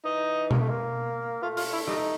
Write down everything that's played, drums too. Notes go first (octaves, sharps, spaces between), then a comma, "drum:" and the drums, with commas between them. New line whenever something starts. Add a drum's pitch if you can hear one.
E3 D#4
A#3, drum: tom B2
A3
A#3
A3 F4
F4, drum: open hi-hat
E4
G3 D#4, drum: rim click